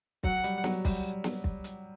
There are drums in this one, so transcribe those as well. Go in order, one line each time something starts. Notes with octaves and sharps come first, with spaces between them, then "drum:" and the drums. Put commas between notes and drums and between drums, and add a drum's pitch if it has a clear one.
F#3 F#5, drum: kick
G3, drum: hi-hat
F#3, drum: snare
G3, drum: kick, open hi-hat
drum: snare
drum: kick
drum: hi-hat